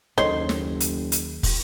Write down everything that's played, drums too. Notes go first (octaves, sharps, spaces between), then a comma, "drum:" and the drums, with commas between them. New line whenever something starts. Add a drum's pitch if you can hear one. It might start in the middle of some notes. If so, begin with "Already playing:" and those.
F#1 D#2 D#4 C5 C#5 C6
drum: snare
drum: hi-hat
drum: hi-hat
drum: kick, open hi-hat